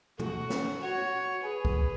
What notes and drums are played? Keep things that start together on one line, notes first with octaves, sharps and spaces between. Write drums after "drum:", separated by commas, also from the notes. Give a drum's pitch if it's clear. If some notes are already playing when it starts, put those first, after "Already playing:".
A3 F#4, drum: tom
C#4, drum: snare
F#4 C#5
G#4 B4
drum: kick